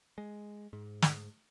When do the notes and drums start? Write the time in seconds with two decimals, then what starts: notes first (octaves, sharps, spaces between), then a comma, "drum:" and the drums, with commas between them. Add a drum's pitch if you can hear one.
0.18 G#3
0.73 G#2
1.02 drum: snare